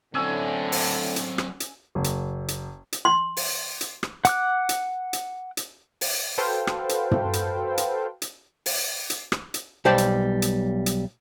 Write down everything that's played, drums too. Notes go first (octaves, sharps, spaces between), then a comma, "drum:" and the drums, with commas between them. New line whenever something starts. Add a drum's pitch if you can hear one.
A2 D3 F#3 C4 C#4 G#5 E6
drum: open hi-hat
drum: hi-hat
drum: rim click
drum: hi-hat
F#1
drum: hi-hat
drum: hi-hat
drum: hi-hat
C6
drum: open hi-hat
drum: hi-hat
drum: rim click
F#5 D6 F#6, drum: hi-hat
drum: hi-hat
drum: hi-hat
drum: hi-hat
drum: open hi-hat
F#4 A4 B4 C5 F5 G5
drum: rim click
drum: hi-hat
drum: tom
drum: hi-hat
drum: hi-hat
drum: hi-hat
drum: open hi-hat
drum: hi-hat
drum: rim click
drum: hi-hat
B1 G3 C5 D5 G5 A5
drum: hi-hat
drum: hi-hat
drum: hi-hat